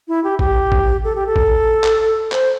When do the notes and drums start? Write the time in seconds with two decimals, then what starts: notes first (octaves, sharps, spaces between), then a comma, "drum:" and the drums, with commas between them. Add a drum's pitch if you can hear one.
0.08 E4
0.24 G4
0.39 G4, drum: kick A1
0.72 drum: kick A1
1.04 A4
1.15 G4
1.27 A4
1.36 drum: kick A1
1.84 drum: clap
2.32 C5, drum: clap